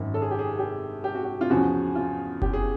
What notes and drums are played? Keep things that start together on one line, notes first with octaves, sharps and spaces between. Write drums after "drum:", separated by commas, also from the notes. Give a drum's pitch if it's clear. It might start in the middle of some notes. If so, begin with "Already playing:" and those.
Already playing: G#1 F#2 D#3
A4
G#4
G4
G#4
G#4
G4
G4
F#4
G4
F4
E2 C#3 F3 F#4
F4
G4, drum: kick F#1
G#4